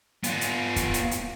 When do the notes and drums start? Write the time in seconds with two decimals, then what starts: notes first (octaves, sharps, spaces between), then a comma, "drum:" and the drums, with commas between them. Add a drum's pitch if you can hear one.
0.24 B3 F4, drum: hi-hat
0.41 drum: hi-hat
0.76 drum: kick, hi-hat
0.94 drum: hi-hat
1.11 drum: hi-hat